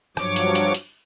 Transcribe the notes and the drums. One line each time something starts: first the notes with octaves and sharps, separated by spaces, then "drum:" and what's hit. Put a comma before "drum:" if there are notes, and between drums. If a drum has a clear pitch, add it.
G2 F3 F#3 C#5 D6, drum: rim click
drum: hi-hat
drum: hi-hat
drum: hi-hat